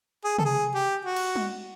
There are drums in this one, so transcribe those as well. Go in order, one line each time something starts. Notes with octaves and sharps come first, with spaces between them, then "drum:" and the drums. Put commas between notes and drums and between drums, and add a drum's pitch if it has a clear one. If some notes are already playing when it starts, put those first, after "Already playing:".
G#4
A4, drum: tom C3
G#4
G4
F#4
drum: cymbal
drum: tom G3